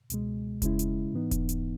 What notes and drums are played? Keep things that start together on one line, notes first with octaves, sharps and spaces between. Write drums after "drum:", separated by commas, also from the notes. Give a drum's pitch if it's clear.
C#2 B2 G#3, drum: hi-hat
C#3 G#3 C#4 E4, drum: kick E1, hi-hat
drum: hi-hat
G#2 E3 B3 D#4
drum: kick E1, hi-hat
drum: hi-hat